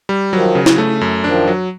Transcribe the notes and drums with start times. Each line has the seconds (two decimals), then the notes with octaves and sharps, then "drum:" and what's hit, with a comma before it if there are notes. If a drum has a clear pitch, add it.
0.09 G3
0.32 D#3 F3 F#3
0.55 C#3
0.66 drum: snare
0.78 A3
1.01 F#2
1.24 D#3 F3 D4
1.48 F#3